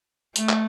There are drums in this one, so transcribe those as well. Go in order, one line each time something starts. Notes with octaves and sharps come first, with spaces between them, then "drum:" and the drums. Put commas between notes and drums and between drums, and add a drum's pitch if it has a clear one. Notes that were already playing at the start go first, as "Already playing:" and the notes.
A3, drum: hi-hat
drum: clap